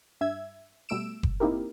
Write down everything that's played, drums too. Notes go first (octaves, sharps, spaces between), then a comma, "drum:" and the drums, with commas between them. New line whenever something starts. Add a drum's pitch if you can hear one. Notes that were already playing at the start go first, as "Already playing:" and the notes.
G2 E5 E6 G#6
B2 G3 A3 E6 D7 E7
drum: kick F#1
A#3 C4 D#4 E4 G4 A#4